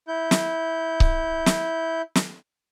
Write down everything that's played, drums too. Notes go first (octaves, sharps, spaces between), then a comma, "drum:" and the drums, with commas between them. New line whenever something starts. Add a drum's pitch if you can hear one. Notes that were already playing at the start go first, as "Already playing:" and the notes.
E4 G6
drum: snare
drum: kick C#1
drum: snare
drum: snare